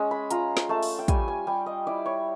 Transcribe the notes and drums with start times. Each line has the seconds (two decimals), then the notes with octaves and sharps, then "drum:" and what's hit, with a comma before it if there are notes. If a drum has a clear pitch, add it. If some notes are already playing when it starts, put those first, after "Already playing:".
Already playing: G#3 C#4
0.11 B5
0.31 F4 A#5, drum: hi-hat
0.57 drum: snare
0.69 A3 A5
0.83 drum: open hi-hat
0.99 G5
1.08 G3 G#5, drum: kick, hi-hat
1.28 G#5
1.47 G3 G5
1.66 D#5
1.87 E4 D5
2.06 C#5